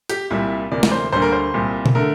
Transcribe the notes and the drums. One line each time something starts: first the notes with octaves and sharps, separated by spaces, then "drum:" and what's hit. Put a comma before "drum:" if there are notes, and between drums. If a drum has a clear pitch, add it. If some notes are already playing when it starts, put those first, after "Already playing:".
G4, drum: hi-hat
C2 A#2 G3 E4
D2 C3 E3 A#3 D5
D5, drum: snare
C5
D2 D3 G3 A#3 C5
A#4
C5
C2 A#2 G3
drum: tom B2
D3 A3 A#4